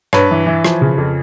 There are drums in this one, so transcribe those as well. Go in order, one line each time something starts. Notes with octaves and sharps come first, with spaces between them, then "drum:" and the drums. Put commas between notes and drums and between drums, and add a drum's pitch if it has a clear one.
G2 B4 C#5, drum: rim click
E3
E3
F3, drum: rim click
C#3
F2